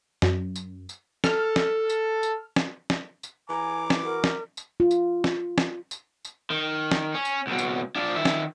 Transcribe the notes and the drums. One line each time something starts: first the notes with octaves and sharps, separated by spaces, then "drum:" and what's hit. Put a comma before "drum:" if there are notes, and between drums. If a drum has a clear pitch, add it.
F#2, drum: snare
drum: tambourine
drum: tambourine
A4 F6, drum: snare
drum: snare
drum: tambourine
drum: tambourine
drum: snare
drum: snare
drum: tambourine
E3 G#5 A#5 D6
drum: snare
F#4 A#4
drum: snare
drum: tambourine
F4
drum: tambourine
drum: snare
drum: snare
drum: tambourine
drum: tambourine
D#3
drum: snare
C#4
drum: tambourine
C#2 B2
drum: tambourine
D4 F4
D#3 E5
drum: snare